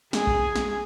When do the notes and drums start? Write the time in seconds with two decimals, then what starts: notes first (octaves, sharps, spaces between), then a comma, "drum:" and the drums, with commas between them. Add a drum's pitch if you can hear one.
0.13 G#4, drum: snare
0.27 drum: kick A#1
0.56 drum: snare